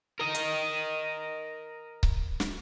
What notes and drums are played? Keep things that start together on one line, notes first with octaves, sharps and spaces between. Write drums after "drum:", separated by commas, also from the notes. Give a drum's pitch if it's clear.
A#4 D#5
drum: hi-hat
drum: kick C#1
drum: snare